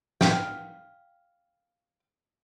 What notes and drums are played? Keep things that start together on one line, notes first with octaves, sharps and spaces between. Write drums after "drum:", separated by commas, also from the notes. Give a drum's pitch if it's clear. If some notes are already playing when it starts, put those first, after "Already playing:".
F5 G5, drum: snare